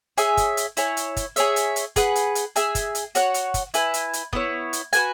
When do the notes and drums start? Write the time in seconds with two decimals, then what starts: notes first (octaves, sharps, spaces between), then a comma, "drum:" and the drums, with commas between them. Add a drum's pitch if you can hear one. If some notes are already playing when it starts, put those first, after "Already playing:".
0.17 G#4 C#5 E5 G#5, drum: hi-hat
0.37 drum: kick, hi-hat
0.57 drum: hi-hat
0.77 E4 C#5 G#5, drum: hi-hat
0.97 drum: hi-hat
1.17 drum: kick, hi-hat
1.36 G#4 C#5 E5, drum: hi-hat
1.56 drum: hi-hat
1.76 drum: hi-hat
1.96 G#4 B4 F#5, drum: kick, hi-hat
2.15 drum: hi-hat
2.35 drum: hi-hat
2.56 G#4 E5 G#5, drum: hi-hat
2.75 drum: kick, hi-hat
2.95 drum: hi-hat
3.15 F#4 C#5 F#5, drum: hi-hat
3.34 drum: hi-hat
3.54 drum: kick, hi-hat
3.74 E4 B4 G#5, drum: hi-hat
3.94 drum: hi-hat
4.13 drum: hi-hat
4.33 B3 E4 C#5, drum: kick
4.73 drum: hi-hat
4.93 F#4 B4 G#5, drum: hi-hat